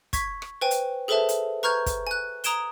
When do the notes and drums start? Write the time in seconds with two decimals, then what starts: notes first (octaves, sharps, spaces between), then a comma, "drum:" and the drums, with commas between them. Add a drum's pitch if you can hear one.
0.13 C#6 G#6 B6, drum: kick, hi-hat
0.42 drum: rim click
0.61 B4 C5 G5 G#5
0.71 drum: hi-hat
1.08 G#4 A4 B4 C5 E5 A5
1.29 drum: hi-hat
1.63 B4 A#5 C#6 F6 G6 G#6
1.86 drum: kick, hi-hat
2.07 G#5 F#6
2.44 A#5 D#6 G#6 D7 E7 G7, drum: hi-hat